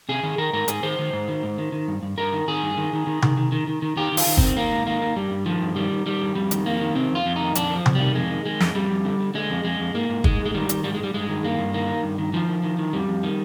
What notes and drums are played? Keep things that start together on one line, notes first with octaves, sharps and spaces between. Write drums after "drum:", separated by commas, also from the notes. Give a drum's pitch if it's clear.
C3 G#4
D#3
D#3 A#4
G#2 A#4
G#2 G#4, drum: hi-hat
D#3 C5
D#3
G#2
D#3
G#2
D#3
D#3
G2
G2
G2 A#4
D#3
D#3 G#4
G2
D#3
D#3
D#3
D#3, drum: tom C3
D#3
D#3
D#3
D#3
D#3 G4
D#3
F4, drum: open hi-hat
D#3
D#3 C4, drum: kick
D#3 A#3
G#2
D#3 A#3
D#3
G2 G3
G2
D#3 F3
G2
D#3 G3
D#3
D#3 G3
G2
F2 G3
D#3, drum: hi-hat
F2 A#3
D#3
C3 C4
F2 F4
F2
D#3 D#4
F2 D4, drum: hi-hat
D#3
F3
F2, drum: tom C3
G3
D#3
F2 G#3
D#3
D#3 G#3
F2, drum: snare
F2 G3
F2
D3
D3
D3 G#3
F2
F2 G#3
F2
G#2 A#3
G#2
G#2 G#3, drum: kick
G#2
G#3
D#3 G3
D#3, drum: hi-hat
G#2 G3
G#3
G#2 G3
G2 G#3
D#3
G2 A#3
G2
D#3 A#3
D#3
G2
D#3
D#3 F3
D#3
D#3
D#3
F2 G3
F2
D#3